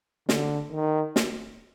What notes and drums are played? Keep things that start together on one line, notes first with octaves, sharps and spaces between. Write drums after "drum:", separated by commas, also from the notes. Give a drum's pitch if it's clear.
D3, drum: snare
D#3
drum: snare